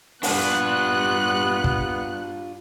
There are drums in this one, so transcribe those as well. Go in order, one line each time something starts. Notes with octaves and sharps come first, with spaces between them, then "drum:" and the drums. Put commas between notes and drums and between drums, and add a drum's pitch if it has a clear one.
G2 G3 B3 D4 F4 F#6, drum: open hi-hat
drum: kick